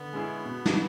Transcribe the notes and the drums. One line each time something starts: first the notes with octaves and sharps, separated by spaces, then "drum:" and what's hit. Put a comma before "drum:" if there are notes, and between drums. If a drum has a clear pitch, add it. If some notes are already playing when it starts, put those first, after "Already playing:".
Already playing: D3 B3
G#3 C#4 E4 G#4
B2
drum: snare